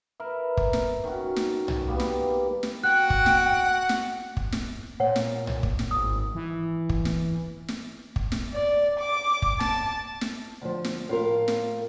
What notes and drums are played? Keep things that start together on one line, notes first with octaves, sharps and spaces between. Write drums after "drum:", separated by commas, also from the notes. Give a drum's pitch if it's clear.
A#4 B4 E5
drum: kick
drum: snare
D#3 C#4 F#4
drum: snare
drum: tom B1
G3 A#3 B3
drum: snare
drum: snare
F#4 F#5 G5 F#6
drum: kick
drum: snare
drum: snare
drum: kick
drum: snare
A#2 C#5 F#5
drum: snare
drum: tom B1
drum: kick
drum: snare
G#1 D#6
E3
drum: kick
drum: snare
drum: snare
drum: kick
drum: snare
D5
D6
drum: kick
A5, drum: snare
drum: snare
D2 F3
drum: snare
A2 F4 A#4
drum: snare